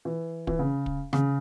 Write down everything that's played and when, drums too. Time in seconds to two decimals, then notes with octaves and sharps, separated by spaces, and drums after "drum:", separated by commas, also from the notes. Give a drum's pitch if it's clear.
0.05 E3
0.47 E3, drum: kick
0.59 C#3
0.86 drum: kick
1.13 C#3, drum: rim click